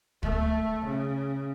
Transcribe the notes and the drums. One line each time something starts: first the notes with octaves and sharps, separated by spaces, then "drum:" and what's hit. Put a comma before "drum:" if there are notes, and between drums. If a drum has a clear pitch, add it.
A3, drum: kick
C#3